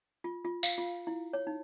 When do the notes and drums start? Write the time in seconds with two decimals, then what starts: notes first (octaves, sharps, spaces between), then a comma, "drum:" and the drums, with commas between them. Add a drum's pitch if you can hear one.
0.24 F4
0.45 F4
0.63 F5, drum: tambourine
0.78 F4
1.07 E4
1.33 C#5
1.47 D#4